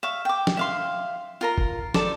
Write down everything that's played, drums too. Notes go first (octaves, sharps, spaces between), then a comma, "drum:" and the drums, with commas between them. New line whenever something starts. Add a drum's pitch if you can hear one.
E5 F5 C#6
G5 D6
drum: snare
E5 F5 C6
F4 A#4 A#5
drum: kick F#1
A4 C5 D5, drum: snare